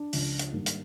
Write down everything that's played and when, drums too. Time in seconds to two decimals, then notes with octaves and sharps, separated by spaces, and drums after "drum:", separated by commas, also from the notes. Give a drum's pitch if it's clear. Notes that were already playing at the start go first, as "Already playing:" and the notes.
Already playing: D4
0.13 C#2 C#3 F3, drum: open hi-hat
0.39 drum: hi-hat
0.53 G#2 D#3 G3 A#3
0.66 drum: hi-hat